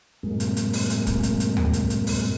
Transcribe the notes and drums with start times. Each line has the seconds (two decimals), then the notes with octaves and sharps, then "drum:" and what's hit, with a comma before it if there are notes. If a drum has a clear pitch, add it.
0.23 F#2 A2 C3 G#3 A#3
0.40 drum: hi-hat
0.57 drum: hi-hat
0.73 drum: open hi-hat
0.90 drum: hi-hat
1.07 drum: kick, hi-hat
1.23 drum: hi-hat
1.40 drum: hi-hat
1.57 drum: tom D2
1.73 drum: hi-hat
1.90 drum: hi-hat
2.07 drum: open hi-hat